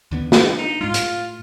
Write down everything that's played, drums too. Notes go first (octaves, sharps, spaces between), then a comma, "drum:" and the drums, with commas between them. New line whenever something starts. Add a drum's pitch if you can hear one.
D#2 D3 B3
D4, drum: snare
D#4
G#2 G#3 F4
A2, drum: hi-hat